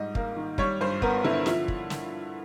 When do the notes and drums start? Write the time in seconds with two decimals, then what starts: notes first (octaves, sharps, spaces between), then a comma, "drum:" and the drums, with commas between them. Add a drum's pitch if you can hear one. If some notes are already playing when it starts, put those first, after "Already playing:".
Already playing: G#2 G3 D#5
0.15 A#3, drum: kick
0.36 D#3
0.58 G3 C#5, drum: kick
0.80 G2 C5
1.02 B3 A#4, drum: kick
1.24 D3 E4
1.46 F3 E4, drum: snare
1.68 drum: kick
1.90 drum: snare